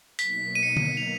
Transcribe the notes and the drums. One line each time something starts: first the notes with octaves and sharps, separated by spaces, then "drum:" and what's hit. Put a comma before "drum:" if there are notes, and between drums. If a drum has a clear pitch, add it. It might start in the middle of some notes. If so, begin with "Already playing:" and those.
B2 F#3 A#3 D#4 B6, drum: hi-hat
D#7
C#7
drum: tom D3
F7